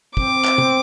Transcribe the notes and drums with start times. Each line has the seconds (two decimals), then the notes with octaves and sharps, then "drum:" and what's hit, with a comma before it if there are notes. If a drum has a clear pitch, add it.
0.17 C4 D6, drum: kick
0.45 drum: clap
0.58 drum: tom